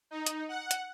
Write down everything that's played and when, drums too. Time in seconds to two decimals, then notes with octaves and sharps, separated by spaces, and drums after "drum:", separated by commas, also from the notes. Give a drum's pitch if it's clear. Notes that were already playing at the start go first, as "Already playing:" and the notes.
0.11 D#4
0.26 drum: hi-hat
0.49 F#5
0.71 drum: hi-hat